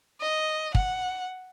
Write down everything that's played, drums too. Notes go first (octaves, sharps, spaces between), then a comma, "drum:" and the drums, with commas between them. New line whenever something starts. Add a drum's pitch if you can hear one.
D#5
F#5, drum: kick